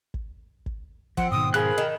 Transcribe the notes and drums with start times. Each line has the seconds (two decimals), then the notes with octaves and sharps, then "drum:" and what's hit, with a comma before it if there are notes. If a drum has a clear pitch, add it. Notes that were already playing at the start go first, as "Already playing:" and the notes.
0.14 drum: kick
0.66 drum: kick
1.17 F3 C4 F#5, drum: kick
1.31 G#2 B2 D#3 D#6
1.54 F3 G#4 A#4 B5 F#6
1.78 D#3